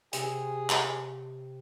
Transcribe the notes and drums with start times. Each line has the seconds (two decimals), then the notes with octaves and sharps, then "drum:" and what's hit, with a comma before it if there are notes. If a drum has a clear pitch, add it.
0.13 C3 G#4, drum: hi-hat
0.70 drum: clap